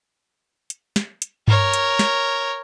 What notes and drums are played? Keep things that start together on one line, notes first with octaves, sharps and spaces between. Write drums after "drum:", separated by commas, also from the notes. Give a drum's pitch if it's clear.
drum: hi-hat
drum: snare
drum: hi-hat
A#4 C#5, drum: tom G2
drum: hi-hat
drum: snare